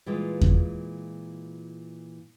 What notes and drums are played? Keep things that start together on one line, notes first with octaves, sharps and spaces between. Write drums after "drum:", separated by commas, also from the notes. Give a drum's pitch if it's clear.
A#2 E3 G#3 F4
drum: kick E2